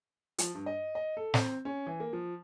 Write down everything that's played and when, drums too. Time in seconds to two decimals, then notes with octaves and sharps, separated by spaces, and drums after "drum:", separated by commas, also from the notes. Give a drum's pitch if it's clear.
0.38 F3, drum: hi-hat
0.55 G2
0.66 D#5
0.95 D#5
1.17 A4
1.34 C4, drum: snare
1.65 C#4
1.87 E3
2.00 A#3
2.13 F3